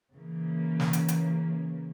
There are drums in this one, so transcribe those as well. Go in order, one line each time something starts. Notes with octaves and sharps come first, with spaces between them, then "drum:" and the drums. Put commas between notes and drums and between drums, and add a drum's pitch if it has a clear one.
C#3 E3 A#3
drum: snare
drum: hi-hat
drum: hi-hat